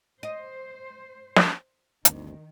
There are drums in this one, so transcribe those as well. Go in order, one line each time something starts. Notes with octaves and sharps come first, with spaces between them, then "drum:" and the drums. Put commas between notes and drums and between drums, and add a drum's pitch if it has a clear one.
C5 D#5
drum: snare
G1 D2 D#3 C4, drum: hi-hat